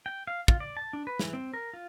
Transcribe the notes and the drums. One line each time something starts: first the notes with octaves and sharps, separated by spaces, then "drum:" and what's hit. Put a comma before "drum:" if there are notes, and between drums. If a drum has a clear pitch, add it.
G5
F5
F4, drum: kick
D5
A5
D4
B4
E3, drum: snare
C4
A#4
F4